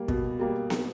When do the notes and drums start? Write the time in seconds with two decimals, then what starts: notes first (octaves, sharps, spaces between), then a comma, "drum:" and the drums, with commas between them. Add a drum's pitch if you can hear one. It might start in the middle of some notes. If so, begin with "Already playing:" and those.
Already playing: G3 A#3
0.08 B2, drum: kick
0.39 G3 A#3
0.70 drum: snare